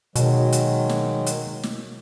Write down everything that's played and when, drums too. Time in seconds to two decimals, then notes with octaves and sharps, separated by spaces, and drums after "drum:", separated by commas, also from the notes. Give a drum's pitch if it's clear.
0.15 B2 D#3 F#3 G#3, drum: hi-hat
0.52 drum: hi-hat
0.89 drum: snare
1.26 drum: hi-hat
1.63 drum: snare